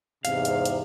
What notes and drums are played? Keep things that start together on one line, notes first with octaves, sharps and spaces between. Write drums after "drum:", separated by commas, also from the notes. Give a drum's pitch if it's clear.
E2 G#2 C3 F5, drum: hi-hat
drum: hi-hat
drum: hi-hat